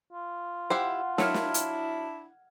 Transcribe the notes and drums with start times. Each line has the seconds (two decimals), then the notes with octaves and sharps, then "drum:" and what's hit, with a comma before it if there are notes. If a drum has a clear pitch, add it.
0.13 F4
0.70 E4 G4 C5 F#5 C7
1.18 F#3 D4 E4 F6 G#6 C#7, drum: snare
1.34 drum: snare
1.54 drum: hi-hat